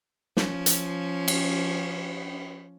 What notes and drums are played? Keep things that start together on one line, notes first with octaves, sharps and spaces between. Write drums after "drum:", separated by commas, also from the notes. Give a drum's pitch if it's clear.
F3 C#4, drum: snare
drum: hi-hat
drum: cymbal